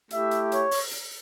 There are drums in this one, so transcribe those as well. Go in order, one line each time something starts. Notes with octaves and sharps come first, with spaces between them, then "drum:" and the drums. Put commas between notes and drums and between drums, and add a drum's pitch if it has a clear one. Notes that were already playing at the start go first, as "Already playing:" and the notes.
A3 E4 G4 E5, drum: hi-hat
drum: hi-hat
C#5, drum: hi-hat
drum: open hi-hat
drum: hi-hat